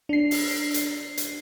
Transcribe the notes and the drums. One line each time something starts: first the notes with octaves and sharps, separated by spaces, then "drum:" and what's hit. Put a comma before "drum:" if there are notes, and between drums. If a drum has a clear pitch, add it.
D4 C7
drum: open hi-hat
drum: hi-hat
drum: hi-hat